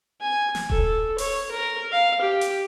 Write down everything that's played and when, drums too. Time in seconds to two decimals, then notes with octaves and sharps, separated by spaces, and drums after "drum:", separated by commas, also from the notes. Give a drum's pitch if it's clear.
0.21 G#5
0.55 drum: snare
0.70 A4, drum: kick D#1
1.18 C#5, drum: open hi-hat
1.51 A#4
1.92 F5
2.21 G4
2.41 drum: hi-hat